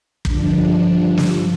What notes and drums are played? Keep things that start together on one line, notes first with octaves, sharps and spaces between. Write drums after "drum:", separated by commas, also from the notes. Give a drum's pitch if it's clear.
G2 D3 F3 D4, drum: kick
G2 F3 D4
drum: snare